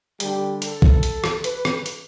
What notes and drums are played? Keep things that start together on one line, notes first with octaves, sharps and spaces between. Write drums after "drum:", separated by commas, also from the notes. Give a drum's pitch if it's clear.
D3 G3 G4, drum: hi-hat
A4, drum: hi-hat
drum: kick
drum: hi-hat
drum: rim click
B4, drum: hi-hat
drum: rim click
drum: hi-hat